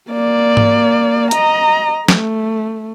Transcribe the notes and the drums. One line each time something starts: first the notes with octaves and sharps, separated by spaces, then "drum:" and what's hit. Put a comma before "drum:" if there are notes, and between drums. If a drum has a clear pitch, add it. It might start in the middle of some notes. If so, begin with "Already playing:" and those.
A#3 D5
drum: tom G#2
D#5 A#5, drum: hi-hat
A3, drum: snare